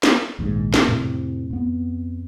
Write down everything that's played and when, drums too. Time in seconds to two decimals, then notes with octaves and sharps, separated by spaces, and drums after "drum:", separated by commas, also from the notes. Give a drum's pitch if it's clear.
0.03 drum: snare
0.39 A#1 D#2 G#2
0.74 drum: snare
0.87 F2 A2 C3 A3
1.50 F2 B3